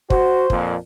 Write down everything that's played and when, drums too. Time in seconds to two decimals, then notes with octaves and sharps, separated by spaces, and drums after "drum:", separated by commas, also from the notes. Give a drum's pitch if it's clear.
0.10 F#4 C5, drum: kick
0.50 F2 A#2, drum: kick